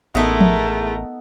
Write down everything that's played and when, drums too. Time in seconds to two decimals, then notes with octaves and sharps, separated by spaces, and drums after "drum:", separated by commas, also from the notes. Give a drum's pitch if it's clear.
0.15 A1 G#3 A3 B3 D#4 E4 A4 A#4
0.41 drum: tom F3